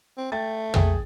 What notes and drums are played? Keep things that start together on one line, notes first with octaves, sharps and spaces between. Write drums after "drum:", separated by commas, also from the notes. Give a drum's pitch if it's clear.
C4
A3 G5 A6
F2 G#4 G5, drum: tom